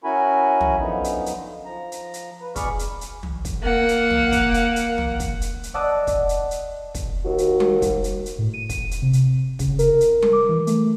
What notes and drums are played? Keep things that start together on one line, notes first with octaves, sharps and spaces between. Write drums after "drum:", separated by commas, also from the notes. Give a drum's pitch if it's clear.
C#4 E4 F#4 A#4 G#5 B5
drum: tom
F#2 D3 F3 B3 D#4
drum: hi-hat
drum: hi-hat
F3 A#5
drum: hi-hat
drum: hi-hat
B4
B2 G#4 D5 B5 C#6 F6, drum: kick, hi-hat
drum: hi-hat
drum: hi-hat
drum: tom
drum: kick, hi-hat
A#3 F#5
drum: hi-hat
drum: tom
drum: kick, hi-hat
drum: hi-hat
drum: hi-hat
drum: tom
drum: kick, hi-hat
drum: hi-hat
drum: hi-hat
D5 D#5 F#5 A5 D6 E6
drum: kick, hi-hat
drum: hi-hat
drum: hi-hat
drum: kick, hi-hat
D#2 F#4
drum: hi-hat
drum: tom G3
drum: kick, hi-hat
drum: hi-hat
drum: hi-hat
A2
D#7
drum: kick, hi-hat
drum: hi-hat
C3
drum: hi-hat
C#3, drum: kick, hi-hat
A#4, drum: hi-hat
drum: hi-hat
drum: tom G3
D6
E3
A3, drum: hi-hat